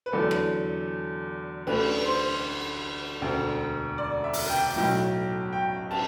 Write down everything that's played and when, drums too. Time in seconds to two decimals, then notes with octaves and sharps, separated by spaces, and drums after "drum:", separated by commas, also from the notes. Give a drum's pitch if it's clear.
0.06 B4
0.12 E2 D3 F#3 A3 A4
0.31 drum: rim click
1.67 D2 D3 A3 B4, drum: cymbal
2.05 C5
3.21 E1 D2 D3
3.98 D5
4.24 E5
4.33 drum: open hi-hat
4.49 G5
4.75 B1 A2 F#3 G5
5.53 G5
5.91 A5, drum: cymbal